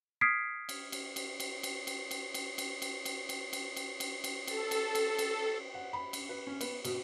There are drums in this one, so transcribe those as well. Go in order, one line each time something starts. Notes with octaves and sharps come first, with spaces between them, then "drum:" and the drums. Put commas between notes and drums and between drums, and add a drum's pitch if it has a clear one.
D#6 F6 G#6 B6 C7 D7
drum: cymbal
drum: cymbal
drum: cymbal
drum: cymbal
drum: cymbal
drum: cymbal
drum: cymbal
drum: cymbal
drum: cymbal
drum: cymbal
drum: cymbal
drum: cymbal
drum: cymbal
drum: cymbal
drum: cymbal
drum: cymbal
A4, drum: cymbal
drum: cymbal
drum: cymbal
drum: cymbal
F#5
B5
drum: cymbal
B4
C#4
B3, drum: cymbal
B2, drum: cymbal